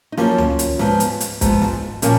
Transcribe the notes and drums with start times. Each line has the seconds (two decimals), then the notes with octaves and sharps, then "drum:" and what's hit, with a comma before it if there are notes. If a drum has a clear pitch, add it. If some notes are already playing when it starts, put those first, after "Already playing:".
0.12 D#4
0.17 F#2 F3 A#3 C#4 F4, drum: snare
0.38 drum: tom C#2
0.59 drum: hi-hat
0.79 G#2 F3 B3, drum: snare
1.00 drum: hi-hat
1.20 drum: hi-hat
1.41 G#2 F3 B3, drum: kick, hi-hat
1.62 drum: snare
2.02 A#2 F3 A#3 C#4, drum: hi-hat